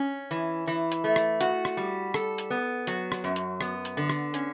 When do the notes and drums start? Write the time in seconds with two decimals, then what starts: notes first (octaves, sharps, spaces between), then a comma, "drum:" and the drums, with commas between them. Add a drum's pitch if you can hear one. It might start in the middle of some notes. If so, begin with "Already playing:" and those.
Already playing: C#4
0.31 E3
0.67 E3
0.92 drum: hi-hat
1.04 A3
1.16 drum: rim click
1.41 F#4, drum: hi-hat
1.65 drum: rim click
1.77 G3
2.14 A4, drum: rim click
2.38 drum: hi-hat
2.50 B3
2.87 F#3, drum: hi-hat
3.12 drum: rim click
3.24 F#2
3.36 drum: hi-hat
3.61 B3, drum: rim click
3.85 drum: hi-hat
3.97 D3
4.10 drum: rim click
4.34 C#4, drum: hi-hat